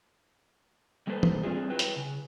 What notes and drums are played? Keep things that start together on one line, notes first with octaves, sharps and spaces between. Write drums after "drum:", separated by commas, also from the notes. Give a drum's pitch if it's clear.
G3 A#3 A4 B4 C5
drum: tom
G3 C4 D4 E4 F4 G#4
F#3 E4 B4 G5
drum: hi-hat
C#3